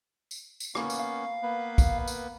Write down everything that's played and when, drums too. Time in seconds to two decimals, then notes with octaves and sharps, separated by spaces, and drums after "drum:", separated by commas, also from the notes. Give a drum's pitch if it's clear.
0.31 drum: tambourine
0.60 drum: tambourine
0.75 A#3 B3 C#4, drum: rim click
0.90 drum: tambourine
1.00 F5
1.43 A#3 B3 B4
1.78 drum: kick, tambourine
2.08 drum: tambourine